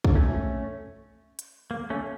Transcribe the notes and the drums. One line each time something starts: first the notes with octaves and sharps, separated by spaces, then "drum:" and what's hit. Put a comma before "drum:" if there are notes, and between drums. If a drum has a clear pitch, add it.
drum: kick
A3 C#4
drum: hi-hat
A#3
A3 C#4